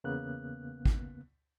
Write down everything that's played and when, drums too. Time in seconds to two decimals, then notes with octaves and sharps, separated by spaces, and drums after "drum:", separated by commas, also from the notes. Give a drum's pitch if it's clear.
0.04 E2 C#3 A#3 B3 F#6
0.86 drum: kick G#1